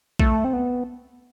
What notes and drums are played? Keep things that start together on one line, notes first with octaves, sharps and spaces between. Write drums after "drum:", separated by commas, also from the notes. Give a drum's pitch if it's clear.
A3, drum: kick A#1
C4
B3